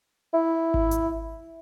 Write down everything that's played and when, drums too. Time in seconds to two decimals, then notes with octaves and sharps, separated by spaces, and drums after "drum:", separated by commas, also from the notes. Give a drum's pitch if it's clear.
0.33 E4
0.74 drum: kick G#1
0.91 drum: hi-hat